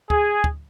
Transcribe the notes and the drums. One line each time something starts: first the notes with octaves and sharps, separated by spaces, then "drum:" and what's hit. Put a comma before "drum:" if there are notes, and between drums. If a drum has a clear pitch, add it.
G#4, drum: kick
drum: kick